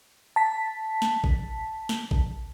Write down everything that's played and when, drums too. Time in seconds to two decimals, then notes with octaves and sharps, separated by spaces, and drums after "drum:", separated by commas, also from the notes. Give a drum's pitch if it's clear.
0.36 A5 B6
1.02 drum: snare
1.24 drum: kick A1
1.89 drum: snare
2.11 drum: kick A1